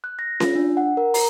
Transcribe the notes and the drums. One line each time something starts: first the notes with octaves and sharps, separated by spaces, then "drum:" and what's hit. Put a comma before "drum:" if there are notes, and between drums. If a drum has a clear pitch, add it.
F#6
A#6
F4, drum: snare C#4
D4
F#5
A#4
A#5, drum: open hi-hat